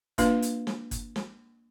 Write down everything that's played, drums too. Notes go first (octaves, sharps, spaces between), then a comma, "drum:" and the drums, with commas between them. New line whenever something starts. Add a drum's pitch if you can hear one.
A#3 D4 F4 B4 F5, drum: kick G1, hi-hat
drum: hi-hat
drum: snare
drum: kick G1, hi-hat
drum: snare